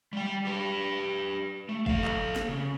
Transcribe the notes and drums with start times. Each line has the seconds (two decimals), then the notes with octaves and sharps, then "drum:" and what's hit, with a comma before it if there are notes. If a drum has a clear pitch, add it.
0.13 G3 G5
0.45 G4 B4
1.69 A3
1.86 A4 F5, drum: kick
2.05 drum: clap
2.36 drum: snare
2.48 C#3